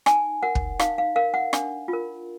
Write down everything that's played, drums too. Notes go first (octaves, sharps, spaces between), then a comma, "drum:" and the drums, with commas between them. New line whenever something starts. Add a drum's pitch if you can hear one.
D#4 G#5, drum: rim click
A#4 F#5
drum: kick
D#4 F5, drum: rim click
F5
A#4 F5
F#5
D4, drum: rim click
F4
A#4